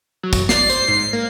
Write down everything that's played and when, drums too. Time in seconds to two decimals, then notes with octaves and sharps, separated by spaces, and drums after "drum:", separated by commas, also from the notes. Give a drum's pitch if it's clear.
0.23 F#3
0.33 drum: kick, tambourine
0.49 D5 C7, drum: snare
0.70 C5, drum: tambourine
0.88 G#2
1.13 A#3